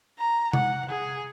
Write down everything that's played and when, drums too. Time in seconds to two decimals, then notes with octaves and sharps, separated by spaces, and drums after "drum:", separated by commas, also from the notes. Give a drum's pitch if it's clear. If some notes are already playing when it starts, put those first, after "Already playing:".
0.19 A#5
0.53 F#5, drum: tom C3
0.89 G#4